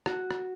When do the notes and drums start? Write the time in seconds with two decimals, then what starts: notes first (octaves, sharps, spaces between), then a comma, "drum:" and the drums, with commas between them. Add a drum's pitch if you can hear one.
0.06 F#4, drum: rim click
0.31 drum: rim click